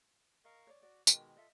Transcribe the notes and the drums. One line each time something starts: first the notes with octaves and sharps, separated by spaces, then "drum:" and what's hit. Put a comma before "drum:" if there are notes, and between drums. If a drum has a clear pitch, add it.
A#4 D#5 F5 C#6
C#5 D5
F#4 D5
B2 D#3 G#3 G4 A#4 A5, drum: tambourine
F4 A4 D#5 E5